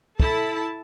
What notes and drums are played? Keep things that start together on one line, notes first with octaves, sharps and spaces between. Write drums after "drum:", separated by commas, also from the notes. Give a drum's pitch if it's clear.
E4 A4 A5, drum: kick